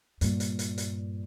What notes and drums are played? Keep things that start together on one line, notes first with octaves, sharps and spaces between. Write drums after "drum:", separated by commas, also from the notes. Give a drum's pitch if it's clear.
G2 A#2, drum: hi-hat
drum: hi-hat
drum: hi-hat
drum: hi-hat